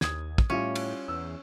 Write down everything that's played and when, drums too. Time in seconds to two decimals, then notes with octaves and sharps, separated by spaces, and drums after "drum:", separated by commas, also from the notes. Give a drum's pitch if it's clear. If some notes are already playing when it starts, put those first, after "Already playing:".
0.01 D#2 D#6 G#6, drum: snare
0.38 drum: kick
0.50 A2 G3 C#4 E4 F4
0.76 drum: cymbal
1.08 E2 E6